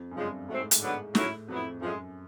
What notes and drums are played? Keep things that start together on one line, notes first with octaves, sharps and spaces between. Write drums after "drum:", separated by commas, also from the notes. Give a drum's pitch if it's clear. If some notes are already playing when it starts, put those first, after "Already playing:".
Already playing: F2
F#2
G2 C#3 F3 G#3
G#2 F#3 A3 C4
A2
G#2, drum: hi-hat
D3 F#3 B3 D4
A2 F#3 A3 C#4 E4, drum: snare
F2 F#3 B3 E4
F#2 A2 F3 G#3